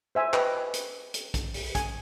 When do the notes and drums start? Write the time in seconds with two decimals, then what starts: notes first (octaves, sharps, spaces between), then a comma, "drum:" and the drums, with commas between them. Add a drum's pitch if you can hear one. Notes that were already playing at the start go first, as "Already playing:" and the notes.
0.15 C5 E5 G#5
0.33 B4 D#5 G5, drum: clap
0.74 drum: hi-hat
1.14 drum: hi-hat
1.34 drum: kick B1, hi-hat
1.54 drum: open hi-hat
1.75 G#5, drum: kick B1, hi-hat